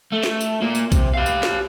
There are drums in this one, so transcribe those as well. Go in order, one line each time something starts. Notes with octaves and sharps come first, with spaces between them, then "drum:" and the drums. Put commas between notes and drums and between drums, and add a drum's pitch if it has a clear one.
A3
drum: snare
drum: tambourine
A#3 F4
drum: tambourine
C3, drum: kick B1, tambourine
G4 F5
drum: tambourine
drum: snare